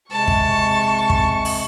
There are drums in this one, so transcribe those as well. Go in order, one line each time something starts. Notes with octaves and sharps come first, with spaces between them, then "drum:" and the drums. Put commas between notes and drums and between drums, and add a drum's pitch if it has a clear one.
C3 G#3 A5 C#6
drum: kick
drum: kick
drum: open hi-hat